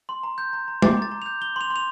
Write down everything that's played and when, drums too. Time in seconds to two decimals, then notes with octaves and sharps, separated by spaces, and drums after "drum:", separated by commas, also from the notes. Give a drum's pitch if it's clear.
0.09 C6
0.23 A#5
0.38 G6
0.53 A#5
0.68 A#5
0.82 D6 A6, drum: tom
0.97 A#5
1.02 A6
1.12 A#5
1.22 G6 F7
1.41 G6 G7
1.56 C6 F7
1.70 C6
1.76 F7